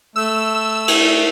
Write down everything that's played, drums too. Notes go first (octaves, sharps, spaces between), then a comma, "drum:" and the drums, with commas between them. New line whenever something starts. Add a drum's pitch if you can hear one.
A3 E6
drum: cymbal